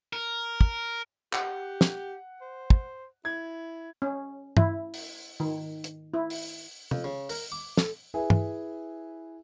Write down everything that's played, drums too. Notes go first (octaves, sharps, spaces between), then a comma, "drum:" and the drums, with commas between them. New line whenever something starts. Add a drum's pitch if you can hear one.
A#4
drum: kick
G4 F#5, drum: clap
drum: snare
C5
drum: kick
E4 G#6
C#4
E4, drum: tom G2
drum: open hi-hat
D#3
drum: hi-hat
E4
drum: open hi-hat
F2, drum: tom
C#3
A#4, drum: open hi-hat
D6
A4, drum: snare
E4 G#4 B4 E5 G#5
drum: tom G2